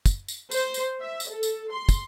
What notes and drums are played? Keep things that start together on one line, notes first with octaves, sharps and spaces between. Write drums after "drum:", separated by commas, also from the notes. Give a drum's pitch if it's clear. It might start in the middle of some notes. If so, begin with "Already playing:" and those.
drum: kick, tambourine
drum: tambourine
C5, drum: tambourine
drum: tambourine
E5
drum: tambourine
A4
drum: tambourine
C6
drum: kick, tambourine